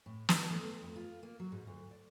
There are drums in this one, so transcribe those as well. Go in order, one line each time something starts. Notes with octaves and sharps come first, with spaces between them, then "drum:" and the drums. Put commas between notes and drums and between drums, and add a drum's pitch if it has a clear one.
A2
D4, drum: snare
A3
B3
F2
F4
A#3
F#3
G#2
D2
D5